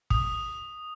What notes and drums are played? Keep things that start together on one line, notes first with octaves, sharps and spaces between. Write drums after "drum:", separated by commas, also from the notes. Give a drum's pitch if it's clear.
D#6, drum: kick